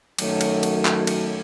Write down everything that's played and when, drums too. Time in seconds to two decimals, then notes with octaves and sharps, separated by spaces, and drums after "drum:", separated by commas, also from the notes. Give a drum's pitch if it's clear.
0.18 F#2 D#3 F#3 A3, drum: cymbal
0.41 drum: cymbal
0.63 drum: cymbal
0.85 drum: clap
1.07 drum: cymbal